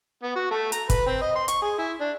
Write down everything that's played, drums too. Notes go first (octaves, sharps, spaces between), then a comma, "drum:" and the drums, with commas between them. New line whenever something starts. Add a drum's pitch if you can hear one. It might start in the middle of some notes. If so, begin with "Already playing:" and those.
B3
F#4
A3
A#5, drum: hi-hat
B4, drum: kick, hi-hat
C4
D#5
C6
C#6, drum: hi-hat
G#4
E4
D4